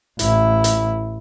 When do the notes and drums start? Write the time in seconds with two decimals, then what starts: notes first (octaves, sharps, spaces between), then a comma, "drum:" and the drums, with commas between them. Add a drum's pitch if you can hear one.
0.19 A1 E4, drum: hi-hat
0.64 drum: hi-hat